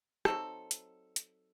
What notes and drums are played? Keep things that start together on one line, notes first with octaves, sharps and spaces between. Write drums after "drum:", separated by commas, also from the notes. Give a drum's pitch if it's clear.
F#3 C4 D#4 A4, drum: rim click
drum: hi-hat
drum: hi-hat